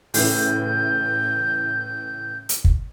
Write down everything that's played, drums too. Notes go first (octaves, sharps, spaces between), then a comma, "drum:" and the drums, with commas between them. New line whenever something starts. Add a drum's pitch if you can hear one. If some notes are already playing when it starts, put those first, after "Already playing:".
A2 C#3 E3 G6, drum: open hi-hat
drum: hi-hat
drum: kick